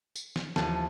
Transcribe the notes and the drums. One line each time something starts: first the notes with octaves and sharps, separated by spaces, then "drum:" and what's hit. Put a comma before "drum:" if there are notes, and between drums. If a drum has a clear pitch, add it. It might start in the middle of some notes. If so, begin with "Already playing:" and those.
drum: tambourine
drum: snare
D#2 E3 F3 A5, drum: snare